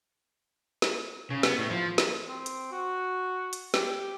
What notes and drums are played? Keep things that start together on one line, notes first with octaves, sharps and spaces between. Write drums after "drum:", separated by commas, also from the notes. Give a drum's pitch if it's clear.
drum: snare
C#3
B3, drum: snare
A2
F3
drum: snare
C4
drum: hi-hat
F#4
drum: hi-hat
G4, drum: snare